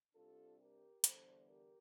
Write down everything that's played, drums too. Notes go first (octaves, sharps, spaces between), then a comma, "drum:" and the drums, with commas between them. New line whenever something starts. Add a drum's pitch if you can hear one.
C3 G3 D4 F4 A4
G4 A#4
E2 D3 G3 A4 C5, drum: hi-hat
G4 A#4